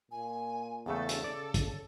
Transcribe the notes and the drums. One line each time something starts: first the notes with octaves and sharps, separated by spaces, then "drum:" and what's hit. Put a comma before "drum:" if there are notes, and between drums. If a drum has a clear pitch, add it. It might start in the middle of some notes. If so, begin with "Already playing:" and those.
A#2 G#5
E2 C#3 A3 A4
drum: hi-hat
C#3 D5
drum: kick, hi-hat